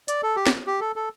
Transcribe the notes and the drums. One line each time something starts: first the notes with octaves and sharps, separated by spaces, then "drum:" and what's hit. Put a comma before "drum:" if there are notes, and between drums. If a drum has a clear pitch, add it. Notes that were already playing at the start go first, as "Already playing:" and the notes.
D5, drum: hi-hat
A4
G4
drum: snare
G4
A4
A4